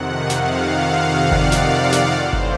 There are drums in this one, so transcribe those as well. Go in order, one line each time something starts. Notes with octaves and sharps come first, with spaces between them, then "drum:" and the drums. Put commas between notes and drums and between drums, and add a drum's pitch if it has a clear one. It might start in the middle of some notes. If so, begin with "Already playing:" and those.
Already playing: F2 C3 D#3 F#5
F5, drum: snare
F5
D5
drum: kick G1
drum: snare
drum: snare
A2 E3 C5
drum: kick G1